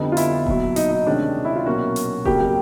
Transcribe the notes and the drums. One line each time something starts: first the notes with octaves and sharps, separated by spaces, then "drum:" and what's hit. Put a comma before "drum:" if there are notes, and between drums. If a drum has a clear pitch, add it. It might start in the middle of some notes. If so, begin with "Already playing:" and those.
Already playing: F2 D3 G3 B3 D4 D#4
F4
E4, drum: hi-hat
B1 A#2 F#3, drum: kick E1
D#4, drum: hi-hat
D#4
D2 C3 D#3 G#3 C#4 D4
E4
F4
B1 A#2 F#3 A#3 C#4 F#4
drum: hi-hat
F2 C#3 F#3 A#3 G4, drum: kick E1
G4